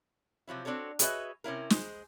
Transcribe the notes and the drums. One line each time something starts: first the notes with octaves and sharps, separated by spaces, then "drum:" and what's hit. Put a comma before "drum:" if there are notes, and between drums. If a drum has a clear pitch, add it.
C3 F3 F#3 E4
C4 D4 F#4 A4 C#5
F#4 G#4 B4 C#5 D#5 E5, drum: hi-hat
C3 C#4 E4 A#4
G#3 G#4 C5, drum: snare